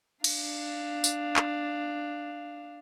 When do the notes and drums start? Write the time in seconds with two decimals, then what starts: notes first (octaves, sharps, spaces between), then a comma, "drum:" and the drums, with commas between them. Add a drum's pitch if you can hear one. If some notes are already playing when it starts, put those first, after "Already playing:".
0.24 D4 F5, drum: cymbal
1.04 drum: tambourine
1.36 drum: clap